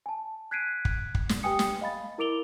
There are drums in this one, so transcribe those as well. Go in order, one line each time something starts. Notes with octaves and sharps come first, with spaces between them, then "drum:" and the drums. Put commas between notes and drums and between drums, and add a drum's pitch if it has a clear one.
G#5 A5
F#6 G#6 B6 C7 D7 D#7
drum: kick
drum: kick
drum: snare
G4 B4 G5 G#5 D#6 C#7
drum: snare
D#5 F5 B5 A6
E4 A#4 D6 D7 F7 G7